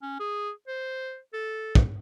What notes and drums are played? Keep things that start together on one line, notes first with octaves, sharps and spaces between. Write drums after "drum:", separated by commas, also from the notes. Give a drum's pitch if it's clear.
C#4
G#4
C5
A4
drum: kick